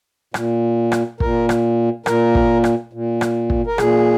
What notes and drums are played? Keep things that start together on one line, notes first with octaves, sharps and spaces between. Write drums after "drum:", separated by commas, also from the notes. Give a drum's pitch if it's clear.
A#2, drum: rim click
drum: rim click
A#2 A#4, drum: kick
drum: rim click
A#2 A#4, drum: rim click
drum: kick
drum: rim click
A#2
drum: rim click
drum: kick
A#4
A#2 G#4, drum: rim click